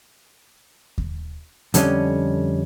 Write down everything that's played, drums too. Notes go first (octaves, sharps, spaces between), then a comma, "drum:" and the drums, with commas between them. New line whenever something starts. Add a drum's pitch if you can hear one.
drum: kick D#2
F2 D3 G3 C#4 D#5, drum: hi-hat